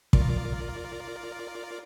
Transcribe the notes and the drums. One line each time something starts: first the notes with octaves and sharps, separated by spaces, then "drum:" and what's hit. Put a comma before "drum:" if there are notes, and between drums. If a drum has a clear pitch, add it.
F4 A#4 D5, drum: kick